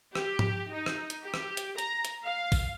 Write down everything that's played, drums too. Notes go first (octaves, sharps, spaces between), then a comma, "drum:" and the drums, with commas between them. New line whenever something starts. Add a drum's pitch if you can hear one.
G4, drum: rim click
drum: tom G#2
D#4
drum: rim click
drum: hi-hat
G4
drum: rim click
drum: hi-hat
A#5, drum: hi-hat
drum: hi-hat
F5
drum: kick, open hi-hat